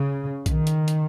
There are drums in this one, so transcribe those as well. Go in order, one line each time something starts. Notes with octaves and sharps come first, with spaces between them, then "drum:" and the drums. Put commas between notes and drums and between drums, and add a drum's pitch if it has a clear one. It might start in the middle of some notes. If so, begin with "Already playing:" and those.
Already playing: C#3
D#3, drum: kick B1, hi-hat
drum: hi-hat
drum: hi-hat